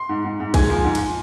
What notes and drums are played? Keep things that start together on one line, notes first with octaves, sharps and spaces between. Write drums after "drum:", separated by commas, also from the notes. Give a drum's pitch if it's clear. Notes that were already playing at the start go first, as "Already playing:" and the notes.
Already playing: C6
G#2
G#2
G#2
G#3 G#5, drum: kick, cymbal
F3
G#2
drum: cymbal